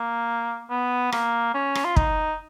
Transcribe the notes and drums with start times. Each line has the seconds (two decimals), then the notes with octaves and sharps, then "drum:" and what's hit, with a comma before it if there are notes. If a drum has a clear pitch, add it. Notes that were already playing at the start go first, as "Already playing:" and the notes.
Already playing: A#3
0.70 B3
1.12 A#3, drum: rim click
1.55 C#4
1.75 drum: rim click
1.85 F4
1.96 D#4, drum: kick